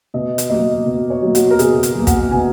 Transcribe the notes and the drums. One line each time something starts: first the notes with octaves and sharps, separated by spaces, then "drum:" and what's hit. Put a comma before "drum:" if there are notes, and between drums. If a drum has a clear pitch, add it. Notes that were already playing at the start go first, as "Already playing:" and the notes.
B2 D#5
drum: hi-hat
F#3 A#3 D#5
B2
C#5
F#3 A#3
F#4, drum: hi-hat
A#4
B2 G#4, drum: hi-hat
drum: hi-hat
F#3 A#3
F#5, drum: kick, hi-hat
B2 G#5